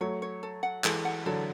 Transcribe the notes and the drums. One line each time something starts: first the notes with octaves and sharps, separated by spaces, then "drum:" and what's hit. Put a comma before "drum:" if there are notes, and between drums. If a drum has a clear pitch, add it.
F#3 A3 C#5
C#5
A4
F#5
E3 G#3 A4, drum: clap
F#5
D3 F#3 A4